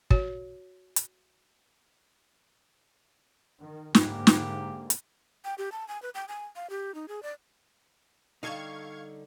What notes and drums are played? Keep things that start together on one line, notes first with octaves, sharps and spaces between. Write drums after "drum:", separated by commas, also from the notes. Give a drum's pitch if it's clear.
F#4 C#5, drum: kick
drum: hi-hat
D#3
G#2 D3 A#3 G4, drum: snare
drum: snare
drum: hi-hat
G5
G4
A5
G#5
B4
G5
G#5
F5
G4
D#4
G#4
D5
D3 G3 D#4 A4 F5 C#6 G#6